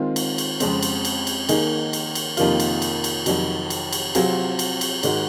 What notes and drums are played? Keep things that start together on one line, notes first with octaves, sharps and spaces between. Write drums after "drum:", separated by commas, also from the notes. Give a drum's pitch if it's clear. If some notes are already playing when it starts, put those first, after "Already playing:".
Already playing: D#3 G#3 C4 F4
drum: cymbal
drum: cymbal
F2 C#3 G#3 C4, drum: cymbal
drum: cymbal
drum: cymbal
drum: cymbal
D#3 A#3 D#4 G#4, drum: cymbal
drum: cymbal
drum: cymbal
F2 C3 D#3 A#3 F4, drum: cymbal
drum: cymbal
drum: cymbal
drum: cymbal
F2 C3 D#3 F#3, drum: cymbal
drum: cymbal
drum: cymbal
C3 F#3 C4 F4 G#4, drum: cymbal
drum: cymbal
drum: cymbal
G#2 D#3 G#3 D#4 F#4, drum: cymbal